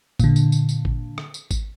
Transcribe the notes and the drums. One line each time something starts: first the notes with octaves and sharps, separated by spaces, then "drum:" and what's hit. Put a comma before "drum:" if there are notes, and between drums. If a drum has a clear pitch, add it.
A#2 D3, drum: kick, tambourine
drum: tambourine
drum: tambourine
drum: tambourine
drum: kick
drum: rim click
drum: tambourine
drum: kick, tambourine